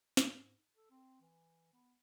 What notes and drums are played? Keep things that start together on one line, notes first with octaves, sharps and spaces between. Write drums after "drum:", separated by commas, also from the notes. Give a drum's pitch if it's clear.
G#2, drum: snare
A4
C4
E3
B3